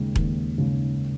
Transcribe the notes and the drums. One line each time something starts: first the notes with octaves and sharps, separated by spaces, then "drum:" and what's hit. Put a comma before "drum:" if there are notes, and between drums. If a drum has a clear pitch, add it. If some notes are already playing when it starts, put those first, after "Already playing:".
Already playing: D#2 C#3 G#3
D#2, drum: kick E1
C#3 G#3